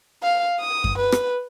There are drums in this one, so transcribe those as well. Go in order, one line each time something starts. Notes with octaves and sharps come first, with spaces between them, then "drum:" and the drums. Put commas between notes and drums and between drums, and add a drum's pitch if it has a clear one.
F5
D#6
drum: kick F#2
B4
drum: rim click